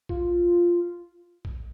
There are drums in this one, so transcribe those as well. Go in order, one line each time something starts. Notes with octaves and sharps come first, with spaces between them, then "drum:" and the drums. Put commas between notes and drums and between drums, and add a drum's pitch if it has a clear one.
F4, drum: kick A#1
drum: kick A#1